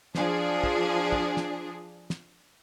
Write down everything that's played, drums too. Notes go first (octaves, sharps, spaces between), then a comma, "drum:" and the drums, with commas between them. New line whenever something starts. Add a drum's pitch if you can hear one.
F3 D4 G#4, drum: snare
drum: kick
drum: kick
drum: snare
drum: snare